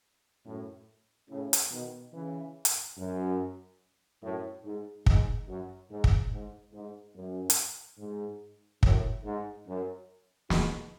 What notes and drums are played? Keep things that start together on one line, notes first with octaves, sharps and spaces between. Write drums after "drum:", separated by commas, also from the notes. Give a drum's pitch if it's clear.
F#2 A2
A2 C#3
drum: hi-hat
B2 D#3
C#3 E3
drum: hi-hat
F#2
F#2 A2
G#2
G#2, drum: kick
F#2
G#2
drum: kick
G#2
G#2
F#2
drum: hi-hat
G#2
F#2 A2, drum: kick
G#2
F#2
G#2 B2, drum: snare